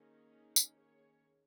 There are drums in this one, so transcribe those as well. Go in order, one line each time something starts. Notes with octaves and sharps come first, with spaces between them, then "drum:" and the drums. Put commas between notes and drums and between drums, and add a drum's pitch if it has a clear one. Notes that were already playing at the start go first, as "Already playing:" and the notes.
Already playing: D#3 A#3 C#4 D#4 G#4
drum: tambourine
G#4 C#5